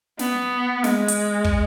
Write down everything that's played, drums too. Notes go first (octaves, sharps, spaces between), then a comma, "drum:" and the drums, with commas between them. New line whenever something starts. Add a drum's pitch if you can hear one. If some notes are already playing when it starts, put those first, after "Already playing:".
B3, drum: snare
G#3, drum: snare
drum: hi-hat
drum: kick